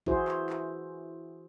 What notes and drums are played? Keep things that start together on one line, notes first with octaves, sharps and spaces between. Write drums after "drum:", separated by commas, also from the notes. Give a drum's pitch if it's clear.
E3 E4 F#4 G#4 C5, drum: kick A#1
drum: clap
drum: clap